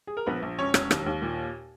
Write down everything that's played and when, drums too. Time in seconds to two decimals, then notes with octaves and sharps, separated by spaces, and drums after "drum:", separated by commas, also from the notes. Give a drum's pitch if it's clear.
0.07 G#4
0.17 A#4
0.26 A#1 B3 B4
0.42 A#1
0.58 E1 C#4 C#5
0.74 E1, drum: rim click
0.91 D#2, drum: rim click
1.06 D#2
1.22 A#2